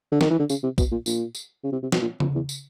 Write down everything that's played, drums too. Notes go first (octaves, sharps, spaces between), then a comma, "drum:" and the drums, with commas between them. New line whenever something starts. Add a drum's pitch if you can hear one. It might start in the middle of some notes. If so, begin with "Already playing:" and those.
D3
D#3, drum: snare
E3
D3
C#3, drum: tambourine
C3
B2, drum: kick, tambourine
A#2
A#2, drum: tambourine
drum: tambourine
C#3
C3
C3
B2, drum: snare
A#2
F2, drum: tom C#3
E2
drum: tambourine